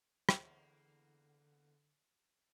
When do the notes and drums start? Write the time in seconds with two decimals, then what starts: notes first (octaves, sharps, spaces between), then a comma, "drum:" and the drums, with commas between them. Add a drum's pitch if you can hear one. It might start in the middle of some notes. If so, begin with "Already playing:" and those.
0.29 E2 D3 A#3 B3, drum: rim click